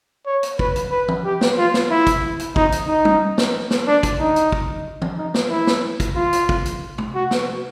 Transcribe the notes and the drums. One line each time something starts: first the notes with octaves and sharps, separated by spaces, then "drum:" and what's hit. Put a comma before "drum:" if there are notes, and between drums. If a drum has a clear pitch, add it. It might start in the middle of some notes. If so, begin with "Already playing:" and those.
C#5
drum: hi-hat
B4, drum: kick
drum: hi-hat
B4
drum: tom E3
G4
drum: snare
F4
drum: snare
E4
drum: kick, hi-hat
drum: hi-hat
D#4, drum: kick
drum: hi-hat
D#4
drum: tom G3
drum: snare
drum: snare
D4
drum: kick, hi-hat
D#4
drum: hi-hat
drum: kick
drum: tom E3
D#4
drum: snare
E4
drum: snare
drum: kick, hi-hat
F4
drum: hi-hat
drum: kick
drum: hi-hat
drum: tom C3
F#4
drum: snare